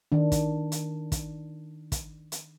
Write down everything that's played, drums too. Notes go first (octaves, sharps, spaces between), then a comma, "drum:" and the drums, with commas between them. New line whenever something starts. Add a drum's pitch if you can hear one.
D#3 D4
drum: kick, hi-hat
drum: hi-hat
drum: kick, hi-hat
drum: kick, hi-hat
drum: hi-hat